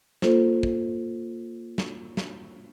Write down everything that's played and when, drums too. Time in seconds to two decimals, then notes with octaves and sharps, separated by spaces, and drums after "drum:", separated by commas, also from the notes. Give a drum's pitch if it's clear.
0.22 A#3 F4 A4 C5, drum: snare
0.63 drum: kick
1.78 drum: snare
2.17 drum: snare